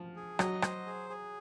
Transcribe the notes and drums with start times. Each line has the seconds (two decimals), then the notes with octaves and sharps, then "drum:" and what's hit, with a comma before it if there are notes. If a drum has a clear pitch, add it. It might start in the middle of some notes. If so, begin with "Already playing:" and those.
Already playing: F3
0.16 G#4
0.39 F#3 D#5, drum: rim click
0.62 C5, drum: rim click
0.86 G#4
1.10 G#4